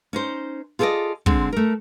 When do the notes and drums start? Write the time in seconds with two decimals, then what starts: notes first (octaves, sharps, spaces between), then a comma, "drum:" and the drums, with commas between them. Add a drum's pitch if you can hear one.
0.13 C#4 D#4 C5
0.79 F4 G#4 A4 C5 D5 D#5
1.26 D3 G#3 C4, drum: kick
1.53 A3 A#4